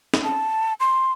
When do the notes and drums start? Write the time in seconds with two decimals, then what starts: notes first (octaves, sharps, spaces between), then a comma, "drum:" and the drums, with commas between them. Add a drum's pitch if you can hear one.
0.14 drum: snare
0.24 A5
0.80 C6